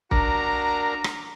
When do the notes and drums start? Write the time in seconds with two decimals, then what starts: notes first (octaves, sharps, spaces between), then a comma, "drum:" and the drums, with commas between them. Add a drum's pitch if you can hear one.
0.11 D4 F#4 A#4 A#5, drum: kick
1.04 drum: rim click